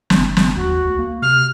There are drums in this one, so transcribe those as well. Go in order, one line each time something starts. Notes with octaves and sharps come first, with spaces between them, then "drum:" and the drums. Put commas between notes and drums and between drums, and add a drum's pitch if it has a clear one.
G1, drum: snare
drum: snare
D#2 F#4
D2
A#3
C3 F6